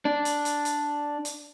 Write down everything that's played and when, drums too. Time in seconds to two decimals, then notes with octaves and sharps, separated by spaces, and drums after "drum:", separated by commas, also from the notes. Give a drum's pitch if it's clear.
0.05 D4
0.25 drum: hi-hat
0.45 drum: hi-hat
0.65 drum: hi-hat
1.25 drum: hi-hat